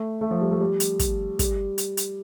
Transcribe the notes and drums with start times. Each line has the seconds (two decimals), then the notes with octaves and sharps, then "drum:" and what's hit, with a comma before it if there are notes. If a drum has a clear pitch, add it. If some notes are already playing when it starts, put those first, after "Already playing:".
Already playing: A3
0.21 A3
0.31 F3
0.41 G3
0.51 A3
0.60 G3
0.80 drum: hi-hat
0.99 drum: kick, hi-hat
1.39 G3, drum: kick, hi-hat
1.78 drum: hi-hat
1.97 drum: hi-hat